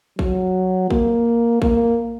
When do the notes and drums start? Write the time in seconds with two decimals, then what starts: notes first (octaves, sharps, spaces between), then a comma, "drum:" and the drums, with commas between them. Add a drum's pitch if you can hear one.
0.19 F#3, drum: kick
0.90 A#3, drum: kick
1.62 A#3, drum: kick